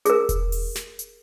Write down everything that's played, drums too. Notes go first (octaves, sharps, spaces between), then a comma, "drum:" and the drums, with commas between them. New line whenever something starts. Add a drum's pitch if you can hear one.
G#4 A#4, drum: hi-hat
drum: kick E1, hi-hat
drum: open hi-hat
drum: snare
drum: hi-hat